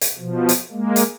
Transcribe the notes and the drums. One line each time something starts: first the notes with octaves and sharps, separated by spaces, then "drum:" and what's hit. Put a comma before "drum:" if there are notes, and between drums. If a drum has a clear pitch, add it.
drum: hi-hat
B2 F3
drum: hi-hat
G#3 A#3
drum: hi-hat